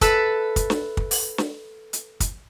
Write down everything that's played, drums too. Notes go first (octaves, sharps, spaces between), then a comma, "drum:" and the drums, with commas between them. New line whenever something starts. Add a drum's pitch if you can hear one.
A4 B4 E5 B5, drum: kick, hi-hat
drum: kick, hi-hat
drum: snare
drum: kick
drum: open hi-hat
drum: snare
drum: hi-hat
drum: kick, hi-hat